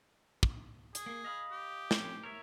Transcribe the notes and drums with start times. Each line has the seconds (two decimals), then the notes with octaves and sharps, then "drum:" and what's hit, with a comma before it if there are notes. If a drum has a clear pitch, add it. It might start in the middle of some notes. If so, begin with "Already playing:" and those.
0.43 drum: kick
0.95 G#4, drum: hi-hat
1.06 A#3
1.24 D#5 F5 B5
1.51 G4
1.91 F3 C4 C#4, drum: snare
2.23 A#4 C#5 E5